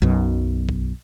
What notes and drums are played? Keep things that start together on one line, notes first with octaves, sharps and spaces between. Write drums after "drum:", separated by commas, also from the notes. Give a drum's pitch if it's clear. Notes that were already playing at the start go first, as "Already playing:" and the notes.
B1 F#2 B2
drum: kick